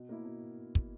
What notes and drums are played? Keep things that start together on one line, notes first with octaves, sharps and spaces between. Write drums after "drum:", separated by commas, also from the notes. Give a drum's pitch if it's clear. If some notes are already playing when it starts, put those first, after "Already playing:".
Already playing: B2
A#3 E4
B2
drum: kick